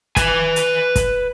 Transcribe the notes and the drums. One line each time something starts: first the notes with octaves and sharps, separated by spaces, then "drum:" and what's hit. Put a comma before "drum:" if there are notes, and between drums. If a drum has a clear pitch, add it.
B4 G#5, drum: kick, hi-hat
drum: hi-hat
drum: kick, hi-hat